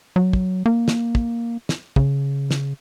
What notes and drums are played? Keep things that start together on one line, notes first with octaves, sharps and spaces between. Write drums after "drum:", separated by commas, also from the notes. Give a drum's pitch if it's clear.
F#3
drum: kick
A#3
drum: snare
drum: kick
drum: snare
C#3, drum: kick
drum: snare